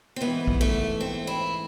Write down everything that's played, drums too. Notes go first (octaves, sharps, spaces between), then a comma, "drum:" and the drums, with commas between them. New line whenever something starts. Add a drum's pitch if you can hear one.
C4
G#2 E3 B3
drum: kick
A3
C4
E4